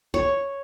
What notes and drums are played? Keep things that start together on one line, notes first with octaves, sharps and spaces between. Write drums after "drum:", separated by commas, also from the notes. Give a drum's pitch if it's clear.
C#5, drum: kick